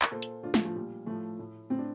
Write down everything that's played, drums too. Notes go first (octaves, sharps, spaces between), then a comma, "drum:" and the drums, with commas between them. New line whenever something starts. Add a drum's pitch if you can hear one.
A#4, drum: clap
A#2 A4 C5
drum: hi-hat
A2 D4 F4
F3 A3, drum: snare
F3 A3
A#2 G3
A2 F3 A3
A2
A2 C4
D4